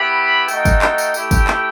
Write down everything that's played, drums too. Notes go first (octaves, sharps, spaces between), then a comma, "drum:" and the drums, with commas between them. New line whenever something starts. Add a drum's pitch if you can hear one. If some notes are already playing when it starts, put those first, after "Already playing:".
Already playing: B3 E4 G4 B5
A3 D#4 F#4 G5, drum: tambourine
drum: kick, tambourine
drum: clap
drum: tambourine
A3 E4 G4, drum: tambourine
drum: kick, tambourine
drum: clap